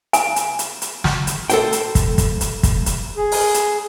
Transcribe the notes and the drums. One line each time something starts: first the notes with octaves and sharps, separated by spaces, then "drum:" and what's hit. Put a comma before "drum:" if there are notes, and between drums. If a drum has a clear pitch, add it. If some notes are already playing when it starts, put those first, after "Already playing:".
G#5, drum: hi-hat
drum: hi-hat
drum: hi-hat
drum: hi-hat
drum: snare
drum: hi-hat
A4 C5 G5, drum: hi-hat
drum: hi-hat
drum: kick, hi-hat
drum: kick, hi-hat
drum: hi-hat
drum: kick, hi-hat
drum: hi-hat
G#4
drum: open hi-hat
drum: hi-hat